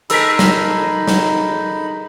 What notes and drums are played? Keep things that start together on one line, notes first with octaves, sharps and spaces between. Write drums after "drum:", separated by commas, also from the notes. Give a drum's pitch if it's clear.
G#3 D#4 A4 A#4 B5 E6 B6, drum: hi-hat
drum: snare
drum: snare